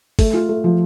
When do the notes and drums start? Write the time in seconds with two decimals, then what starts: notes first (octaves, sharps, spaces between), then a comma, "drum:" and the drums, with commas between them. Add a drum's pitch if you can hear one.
0.19 A3, drum: kick, open hi-hat
0.33 F4
0.49 A3
0.64 F3